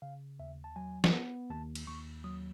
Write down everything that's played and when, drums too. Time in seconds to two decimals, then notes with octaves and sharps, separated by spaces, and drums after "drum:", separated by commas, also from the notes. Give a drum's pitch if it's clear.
0.02 C#3 F5
0.39 D#2 E5
0.64 A5
0.76 F#3 G#5
1.04 drum: snare
1.13 B3
1.50 D#2 A5
1.75 drum: cymbal
1.87 D#2 C#6
2.24 F#3 D#6